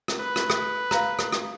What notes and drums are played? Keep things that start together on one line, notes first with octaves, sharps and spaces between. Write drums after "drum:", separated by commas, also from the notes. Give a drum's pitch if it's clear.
drum: rim click
B4
drum: rim click
drum: rim click
F5 A#5, drum: rim click
drum: rim click
drum: rim click